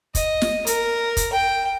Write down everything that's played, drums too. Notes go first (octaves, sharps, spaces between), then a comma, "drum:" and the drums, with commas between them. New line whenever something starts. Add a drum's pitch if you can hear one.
D#5, drum: kick, hi-hat
drum: snare
A#4, drum: hi-hat
drum: kick, hi-hat
G5